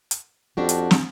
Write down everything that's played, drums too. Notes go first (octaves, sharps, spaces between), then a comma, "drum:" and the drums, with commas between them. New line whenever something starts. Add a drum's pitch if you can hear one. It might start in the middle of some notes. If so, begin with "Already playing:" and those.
drum: hi-hat
F2 D4 F#4 G4
drum: hi-hat
drum: snare